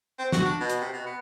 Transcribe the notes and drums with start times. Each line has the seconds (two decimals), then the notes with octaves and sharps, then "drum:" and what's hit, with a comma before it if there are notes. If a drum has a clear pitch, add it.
0.19 C4
0.32 F#4, drum: snare
0.45 D4
0.60 B2
0.69 drum: hi-hat
0.81 C3
0.93 B2
1.06 B3